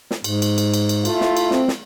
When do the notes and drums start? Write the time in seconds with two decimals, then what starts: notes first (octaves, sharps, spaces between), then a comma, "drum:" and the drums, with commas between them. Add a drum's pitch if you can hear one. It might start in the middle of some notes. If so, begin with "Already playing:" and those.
0.11 drum: snare
0.24 G#2, drum: cymbal
0.42 drum: cymbal
0.58 drum: cymbal
0.74 drum: cymbal
0.89 drum: cymbal
1.05 A3 E4 F4, drum: cymbal
1.21 drum: snare
1.37 drum: cymbal
1.51 C4, drum: snare
1.68 drum: snare